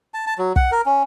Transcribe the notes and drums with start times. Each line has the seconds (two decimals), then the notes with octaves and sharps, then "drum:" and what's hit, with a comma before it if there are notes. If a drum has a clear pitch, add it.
0.14 A5
0.27 A5
0.38 F#3
0.56 F#5, drum: kick
0.72 A#4
0.86 C#4